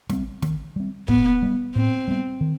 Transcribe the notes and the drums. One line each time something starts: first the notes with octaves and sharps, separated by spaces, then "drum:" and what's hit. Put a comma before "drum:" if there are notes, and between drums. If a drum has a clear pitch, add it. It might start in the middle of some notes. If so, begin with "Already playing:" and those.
G3 C4, drum: snare
D#3, drum: snare
G3 C4
A2 B3, drum: kick
G3 B3
A2 C4
G3 B3
D#3